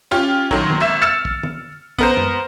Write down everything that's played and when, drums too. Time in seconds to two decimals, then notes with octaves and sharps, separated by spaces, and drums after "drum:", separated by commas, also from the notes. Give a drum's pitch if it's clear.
0.11 C#4 F4 G4
0.51 A#2 D#3 F#3, drum: kick
0.70 drum: tom D3
0.80 G#1 E5 E7
1.02 E6 F6 A6 C#7 E7
1.25 drum: kick
1.43 drum: tom D3
1.99 B3 A#4 C5, drum: kick
2.17 drum: tom F#2